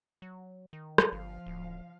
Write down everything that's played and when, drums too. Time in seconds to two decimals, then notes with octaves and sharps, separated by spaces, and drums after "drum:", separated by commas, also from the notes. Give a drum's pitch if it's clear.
0.22 F#3
0.73 D#3
0.98 drum: rim click
1.12 G1 F3 F5
1.46 D1